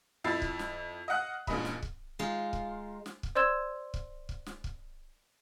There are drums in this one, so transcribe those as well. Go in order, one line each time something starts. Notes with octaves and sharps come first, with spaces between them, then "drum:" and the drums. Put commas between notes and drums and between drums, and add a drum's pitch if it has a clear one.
F2 E4 B5 E6 A6 C7
drum: kick
drum: snare
D#5 F5 F#5 F#6
A1 G2 A#2 G#3 D#5 B5, drum: kick
drum: snare
drum: kick
G#3 D#4 F4
drum: kick
drum: snare
drum: kick
C5 D5 C6 E6 G#6 E7
drum: kick
drum: kick
drum: snare
drum: kick